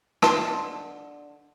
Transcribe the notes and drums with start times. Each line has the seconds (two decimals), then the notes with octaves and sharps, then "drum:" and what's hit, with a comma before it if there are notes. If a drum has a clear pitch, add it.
0.22 D3 D#5 A5 C6, drum: rim click